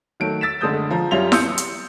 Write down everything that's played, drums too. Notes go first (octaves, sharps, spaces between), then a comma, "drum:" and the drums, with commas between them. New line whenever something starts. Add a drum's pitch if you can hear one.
D#3 F#3 A3 D7
E6 A6 B6 E7
F#1 D3 G#3 A3 D#6 G6
F3 F4 A#5
F#2 G3 F4 E5 F7 G7
C6 D#6 E6 G6 C#7, drum: snare E4
drum: hi-hat